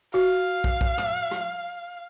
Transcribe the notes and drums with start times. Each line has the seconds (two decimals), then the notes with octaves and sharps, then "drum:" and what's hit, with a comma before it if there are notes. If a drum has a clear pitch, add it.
0.14 F#4 F5
0.64 drum: kick
0.81 drum: kick
0.98 drum: tom
1.31 drum: rim click